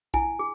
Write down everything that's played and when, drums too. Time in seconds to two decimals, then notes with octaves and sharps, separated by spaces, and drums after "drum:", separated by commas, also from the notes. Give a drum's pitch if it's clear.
0.14 E4 G#5, drum: kick A#1
0.39 G#4